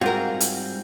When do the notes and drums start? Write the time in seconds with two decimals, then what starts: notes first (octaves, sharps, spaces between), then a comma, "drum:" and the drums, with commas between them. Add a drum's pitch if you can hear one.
0.01 G#2 G3 C4 F4 F#4 G#4 A#4
0.40 drum: hi-hat